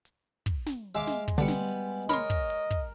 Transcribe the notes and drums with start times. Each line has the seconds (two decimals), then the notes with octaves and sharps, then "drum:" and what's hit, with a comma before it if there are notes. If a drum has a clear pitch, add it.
0.05 drum: hi-hat
0.46 drum: kick, hi-hat
0.66 drum: snare
0.95 G#3 E5 F5 D6
1.07 drum: snare
1.28 drum: kick, hi-hat
1.38 D3 G3 B3 C#7
1.48 drum: snare
1.68 drum: hi-hat
2.09 A#4 C#5 D#5 B5 C6, drum: snare
2.30 drum: kick
2.50 drum: open hi-hat
2.71 drum: kick